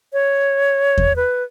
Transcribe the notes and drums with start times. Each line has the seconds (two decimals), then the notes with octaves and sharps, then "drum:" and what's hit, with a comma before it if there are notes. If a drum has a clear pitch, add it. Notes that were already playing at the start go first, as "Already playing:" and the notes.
0.13 C#5
0.98 drum: kick E2
1.16 B4